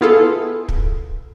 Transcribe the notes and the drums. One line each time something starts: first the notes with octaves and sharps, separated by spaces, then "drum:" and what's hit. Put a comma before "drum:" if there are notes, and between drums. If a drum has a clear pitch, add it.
B3 E4 F4 G#4 A4
drum: kick